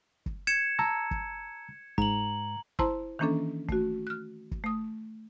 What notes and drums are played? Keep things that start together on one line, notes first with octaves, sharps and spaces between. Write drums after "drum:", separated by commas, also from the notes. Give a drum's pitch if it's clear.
drum: kick
G#6 C#7 E7
A5 A#5 E6
drum: kick
G#2 A#5 F#7, drum: kick
E4 C5 A5 A#5 C6 E6, drum: kick
D#3 E3 A#3 C#4 D4 A4
A3 F#4, drum: kick
F6 F#6
drum: kick
A3 D#6